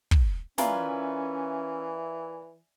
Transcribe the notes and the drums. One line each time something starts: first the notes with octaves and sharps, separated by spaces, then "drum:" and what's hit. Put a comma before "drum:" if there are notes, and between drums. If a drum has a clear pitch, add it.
drum: kick
E3 C#4 F4 A#4 B4 D5 E5 G#5, drum: snare